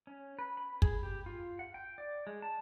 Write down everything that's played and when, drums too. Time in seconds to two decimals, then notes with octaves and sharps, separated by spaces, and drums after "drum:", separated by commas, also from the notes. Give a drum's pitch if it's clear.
0.07 C#4
0.39 B4
0.57 B5
0.82 G#4, drum: kick
1.03 G4
1.26 F4
1.59 F#5
1.74 G5
1.98 D5
2.27 G#3
2.42 A5